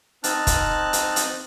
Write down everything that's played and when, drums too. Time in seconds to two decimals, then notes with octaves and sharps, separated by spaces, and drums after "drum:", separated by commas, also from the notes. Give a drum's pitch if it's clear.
0.24 C4 D#4 A5 F6 F#6, drum: hi-hat
0.47 drum: kick, hi-hat
0.93 drum: hi-hat
1.16 drum: hi-hat